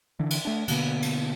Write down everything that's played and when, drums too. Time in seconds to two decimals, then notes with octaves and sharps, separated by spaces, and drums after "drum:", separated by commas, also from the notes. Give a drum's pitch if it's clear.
0.19 D3 E3
0.30 drum: cymbal
0.45 A3 D4
0.68 B2 D3 A#3 B3, drum: cymbal
1.02 drum: cymbal